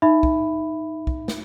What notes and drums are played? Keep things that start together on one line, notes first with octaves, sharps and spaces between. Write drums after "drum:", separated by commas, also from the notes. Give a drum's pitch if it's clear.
D#4 E5 B5
drum: kick
drum: kick
drum: snare